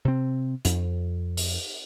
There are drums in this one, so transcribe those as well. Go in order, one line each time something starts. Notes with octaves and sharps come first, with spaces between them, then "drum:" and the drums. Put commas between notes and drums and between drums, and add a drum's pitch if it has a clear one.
C3 C4
F2, drum: hi-hat
drum: open hi-hat